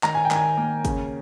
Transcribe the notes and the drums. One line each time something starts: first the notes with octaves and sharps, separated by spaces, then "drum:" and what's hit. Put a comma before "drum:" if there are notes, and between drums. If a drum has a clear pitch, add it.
D#3 A#5, drum: clap
G#5
G5
D#3 G#5, drum: clap
A#3
C#3, drum: kick, hi-hat